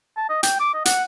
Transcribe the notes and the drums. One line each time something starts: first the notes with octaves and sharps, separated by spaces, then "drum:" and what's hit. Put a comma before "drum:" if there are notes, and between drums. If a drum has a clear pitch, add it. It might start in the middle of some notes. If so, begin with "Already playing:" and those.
A5
D#5
G5, drum: hi-hat
D6
D#5
F#5, drum: hi-hat